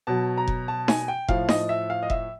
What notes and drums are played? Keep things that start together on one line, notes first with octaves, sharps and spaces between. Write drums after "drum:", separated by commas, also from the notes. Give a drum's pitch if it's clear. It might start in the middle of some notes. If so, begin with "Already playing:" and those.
B2 F#3 A5
A#5
drum: kick F1
A5
G#5, drum: snare D#4
G5
A2 F3 F5, drum: kick F1
D#5, drum: snare D#4
E5
F5
D#5
E5, drum: kick F1